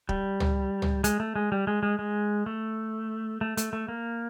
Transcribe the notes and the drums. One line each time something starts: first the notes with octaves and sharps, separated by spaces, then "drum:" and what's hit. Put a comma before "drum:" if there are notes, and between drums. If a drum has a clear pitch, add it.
G3, drum: kick
drum: tom
drum: tom
G#3, drum: hi-hat
A3
G#3
G3
G#3
G#3
G#3
A3
A3
A3, drum: hi-hat
A3
A#3